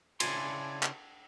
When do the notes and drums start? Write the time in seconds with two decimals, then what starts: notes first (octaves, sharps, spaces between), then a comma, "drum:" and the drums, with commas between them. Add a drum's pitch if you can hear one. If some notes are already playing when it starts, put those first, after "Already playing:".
0.20 C#3 D4 E4 D5 G#5 C6, drum: cymbal
0.83 drum: clap